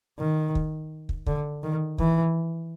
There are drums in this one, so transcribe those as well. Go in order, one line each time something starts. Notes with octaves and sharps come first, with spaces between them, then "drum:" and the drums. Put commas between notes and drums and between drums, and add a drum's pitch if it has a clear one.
D#3
drum: kick
drum: kick
D3, drum: kick
D#3
E3, drum: kick